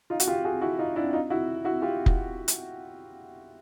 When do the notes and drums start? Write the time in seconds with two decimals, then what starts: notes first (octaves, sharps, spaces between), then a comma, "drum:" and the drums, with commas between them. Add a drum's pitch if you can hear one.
0.10 D#4 F4
0.20 F#4, drum: hi-hat
0.27 F4 G4
0.45 F#4 G#4
0.61 E4 F#4
0.79 D#4 F4
0.96 D4 E4
1.13 D#4 F4
1.30 E4 F#4
1.65 E4 F#4
1.82 F4 G4
2.06 drum: kick F1
2.48 drum: hi-hat